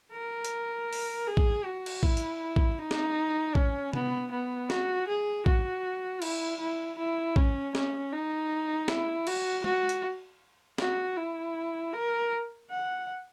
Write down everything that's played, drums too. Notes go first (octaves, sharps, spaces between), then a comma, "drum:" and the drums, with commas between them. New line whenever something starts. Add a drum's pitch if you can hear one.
A#4
drum: hi-hat
drum: open hi-hat
G#4
drum: kick
F#4
drum: cymbal
E4, drum: kick
drum: hi-hat
drum: kick
D#4
drum: snare
C#4, drum: kick
B3, drum: tom C3
B3
F#4, drum: snare
G#4
F#4, drum: kick
E4, drum: cymbal
E4
E4
C#4, drum: kick
C#4, drum: snare
D#4
E4, drum: snare
F#4, drum: cymbal
F#4, drum: tom G#3
drum: hi-hat
F#4, drum: snare
E4
A#4
F#5